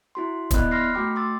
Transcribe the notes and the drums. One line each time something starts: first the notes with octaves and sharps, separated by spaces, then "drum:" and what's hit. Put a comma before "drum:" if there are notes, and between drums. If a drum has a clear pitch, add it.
E4 F#4 C6
B3 E4 D5 D#5 B5 F#6, drum: kick, hi-hat
B5 C6 F6 A#6 C7
A3 F#4 G5 D6
C6 D6 E6 A6